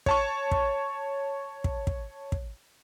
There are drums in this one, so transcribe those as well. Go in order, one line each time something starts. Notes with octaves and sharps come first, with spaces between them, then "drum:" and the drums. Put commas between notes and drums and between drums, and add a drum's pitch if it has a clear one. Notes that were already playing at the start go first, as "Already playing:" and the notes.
C#5 A5 C#6, drum: kick
drum: kick
drum: kick
drum: kick
drum: kick